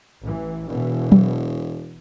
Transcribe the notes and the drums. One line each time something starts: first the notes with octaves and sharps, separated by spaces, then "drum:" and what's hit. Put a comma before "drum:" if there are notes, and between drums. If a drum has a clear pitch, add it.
A1 E3
E1 B2 E3
drum: tom F#3